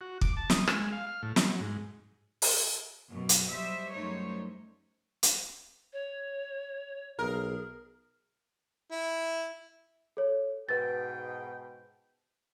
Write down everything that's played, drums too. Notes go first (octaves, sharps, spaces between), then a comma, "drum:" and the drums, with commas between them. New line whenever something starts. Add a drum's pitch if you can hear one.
F#4
D6, drum: kick
A5
D#6, drum: snare
G#3, drum: rim click
G#3
F5
F6
A2
D#6, drum: snare
F#3
G#2
drum: open hi-hat
F#2 B2
drum: hi-hat
F#3 G3 C5 D#5 E5
F#2 G3 A3 D#4 C5 C#5
drum: hi-hat
C#5
B1 G#4 A#4
E4
A4 C#5
G#2 B2 B4 G5 A6